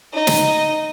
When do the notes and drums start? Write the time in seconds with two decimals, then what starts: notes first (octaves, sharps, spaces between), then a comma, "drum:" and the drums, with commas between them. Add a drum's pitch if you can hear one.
0.13 D#4 D#5
0.27 drum: snare